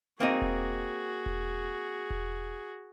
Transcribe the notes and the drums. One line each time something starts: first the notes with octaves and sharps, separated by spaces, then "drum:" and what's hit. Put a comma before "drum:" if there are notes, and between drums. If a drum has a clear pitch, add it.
A#3 C4 D#4 F#4 G#4
drum: kick E1
drum: kick E1
drum: kick E1